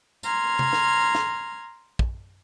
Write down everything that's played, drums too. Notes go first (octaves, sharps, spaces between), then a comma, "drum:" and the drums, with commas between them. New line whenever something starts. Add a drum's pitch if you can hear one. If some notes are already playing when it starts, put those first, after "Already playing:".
A#5 C6 F6 G#6, drum: tambourine
drum: tom C3
drum: snare
drum: snare
drum: kick